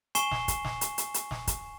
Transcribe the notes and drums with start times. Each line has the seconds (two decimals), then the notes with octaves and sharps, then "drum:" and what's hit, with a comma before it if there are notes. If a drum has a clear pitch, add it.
0.15 G#5 C#6 C7 E7 G7, drum: hi-hat
0.31 drum: snare
0.48 drum: kick, hi-hat
0.65 drum: snare
0.81 drum: hi-hat
0.98 drum: hi-hat
1.14 drum: hi-hat
1.31 drum: snare
1.47 drum: kick, hi-hat